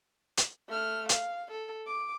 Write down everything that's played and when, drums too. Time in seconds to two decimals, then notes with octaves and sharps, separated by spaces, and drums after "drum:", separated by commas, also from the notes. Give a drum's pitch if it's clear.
0.37 drum: hi-hat
0.68 A3 F6
1.09 F5, drum: hi-hat
1.52 A4
1.87 D6